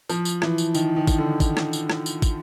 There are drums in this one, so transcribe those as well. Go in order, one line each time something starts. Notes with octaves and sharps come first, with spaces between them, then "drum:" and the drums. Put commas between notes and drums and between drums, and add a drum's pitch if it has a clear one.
F3, drum: tambourine
drum: tambourine
E3, drum: rim click
drum: tambourine
D#3, drum: tambourine
D#3
drum: kick, tambourine
D3
drum: kick, tambourine
drum: rim click
drum: tambourine
drum: rim click
drum: tambourine
drum: kick, tambourine